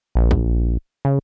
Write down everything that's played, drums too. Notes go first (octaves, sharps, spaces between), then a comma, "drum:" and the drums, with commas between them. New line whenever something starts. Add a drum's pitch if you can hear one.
A#1
drum: kick
C#3